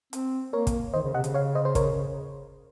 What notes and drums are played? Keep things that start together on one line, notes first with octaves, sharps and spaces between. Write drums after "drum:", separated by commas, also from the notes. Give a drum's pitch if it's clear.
C4, drum: hi-hat
A#3 A#4 C#5
drum: kick, hi-hat
D#3 C5 D#5
C#3
C3 D#5 F#5
C#3, drum: hi-hat
C#5 F5
C5 D#5
C5
A#4 C#5, drum: kick, hi-hat